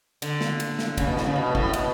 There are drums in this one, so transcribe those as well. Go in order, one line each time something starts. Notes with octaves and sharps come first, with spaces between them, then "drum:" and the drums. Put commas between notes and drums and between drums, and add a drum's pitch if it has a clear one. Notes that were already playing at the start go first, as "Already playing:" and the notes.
D3, drum: cymbal
drum: snare
drum: cymbal
drum: snare
C#3, drum: kick, cymbal
B2
A2, drum: snare
C#3
B2
A2, drum: kick
B2, drum: cymbal